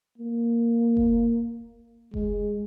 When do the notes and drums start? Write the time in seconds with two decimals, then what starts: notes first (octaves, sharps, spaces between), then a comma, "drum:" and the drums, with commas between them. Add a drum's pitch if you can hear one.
0.18 A#3
0.97 drum: kick F1
2.14 G#3, drum: kick F1